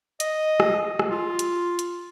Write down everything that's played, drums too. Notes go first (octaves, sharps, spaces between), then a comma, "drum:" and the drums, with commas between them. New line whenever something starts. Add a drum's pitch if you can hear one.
D#5, drum: hi-hat
drum: rim click
drum: rim click
F4
drum: hi-hat
drum: hi-hat